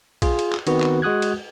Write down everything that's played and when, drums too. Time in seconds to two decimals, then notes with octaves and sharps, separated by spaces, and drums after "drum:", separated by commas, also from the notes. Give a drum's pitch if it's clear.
0.22 F4 G#4, drum: kick A#1, cymbal
0.39 drum: cymbal
0.53 drum: clap
0.67 D#3 B3 C4 F#4 B4, drum: cymbal
0.81 drum: clap
1.02 G#3 F#4 D#6 F#6 G#6
1.22 drum: cymbal